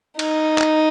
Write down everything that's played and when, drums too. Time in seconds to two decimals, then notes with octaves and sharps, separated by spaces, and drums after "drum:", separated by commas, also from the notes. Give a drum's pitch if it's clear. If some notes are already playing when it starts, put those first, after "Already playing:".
0.19 D#4, drum: cymbal
0.58 drum: clap